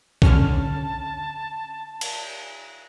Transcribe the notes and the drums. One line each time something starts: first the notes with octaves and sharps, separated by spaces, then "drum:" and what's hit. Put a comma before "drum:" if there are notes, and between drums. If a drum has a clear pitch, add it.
D3 C#4 A5 F6, drum: kick B1
drum: cymbal